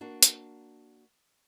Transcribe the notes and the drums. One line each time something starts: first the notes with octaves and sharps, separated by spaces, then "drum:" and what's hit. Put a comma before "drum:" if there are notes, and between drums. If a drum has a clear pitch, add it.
A#3 D4 F#4
drum: hi-hat